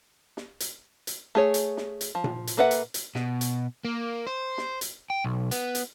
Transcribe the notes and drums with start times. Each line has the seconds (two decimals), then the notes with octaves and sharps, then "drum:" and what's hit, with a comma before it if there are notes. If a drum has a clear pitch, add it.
0.37 drum: snare
0.60 drum: hi-hat
1.07 drum: hi-hat
1.35 A3 G#4 C#5
1.54 drum: hi-hat
1.77 drum: snare
2.01 drum: hi-hat
2.15 F3
2.24 drum: tom A#2
2.47 drum: hi-hat
2.57 A#3 A4 B4 E5 F#5
2.71 drum: hi-hat
2.94 drum: hi-hat
3.15 B2, drum: snare
3.41 drum: hi-hat
3.85 A#3
4.27 C5
4.58 drum: snare
4.81 drum: hi-hat
5.10 G5
5.24 B1
5.51 B3, drum: hi-hat
5.75 drum: hi-hat